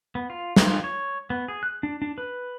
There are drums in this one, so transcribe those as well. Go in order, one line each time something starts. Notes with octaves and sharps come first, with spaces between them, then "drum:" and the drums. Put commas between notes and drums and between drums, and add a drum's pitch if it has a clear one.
B3
F4
F4, drum: snare
C#5
B3
G#4
F#6
D4
D4
B4